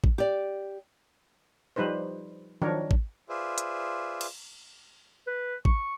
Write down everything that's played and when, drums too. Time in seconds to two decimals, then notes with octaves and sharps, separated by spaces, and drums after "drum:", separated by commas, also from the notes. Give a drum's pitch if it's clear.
0.04 drum: kick
0.18 G4 D5
1.76 F3 G3 D#4 B4 C5
2.62 D#3 F3 F#3 D4 A#4 C#5
2.91 drum: kick
3.29 F4 G#4 B4 C5 D5 E5
3.58 drum: hi-hat
4.21 drum: cymbal
5.27 B4
5.65 C#6, drum: kick